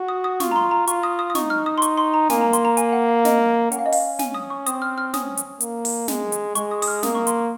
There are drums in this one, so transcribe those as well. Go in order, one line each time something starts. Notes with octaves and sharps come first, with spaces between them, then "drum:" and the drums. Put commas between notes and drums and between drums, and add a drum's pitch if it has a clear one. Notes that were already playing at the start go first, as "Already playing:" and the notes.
Already playing: F#4
D#6
D#6
F4 C#6, drum: snare
A#5
C6
A#5
F4 C#6, drum: hi-hat
D#6
D#6
D#6
D#4 C#6, drum: snare
F6
D#6
C6
C#6, drum: hi-hat
C6
A#5
A#3 G#5, drum: snare
A#5
C6, drum: hi-hat
A#5
G#5, drum: hi-hat
F#5
F5
D#5, drum: snare
C#4 F#5, drum: hi-hat
F5
D#5
F5, drum: open hi-hat
G#5, drum: snare
D#6
C#6
C4 D#6, drum: hi-hat
F6
F6
C#4 D#6, drum: snare
drum: hi-hat
A#3, drum: hi-hat
drum: open hi-hat
G#3, drum: snare
drum: hi-hat
G#3 C#6, drum: hi-hat
D#6
D#6, drum: open hi-hat
F6
A#3 D#6, drum: snare
C#6
C6, drum: hi-hat
C#6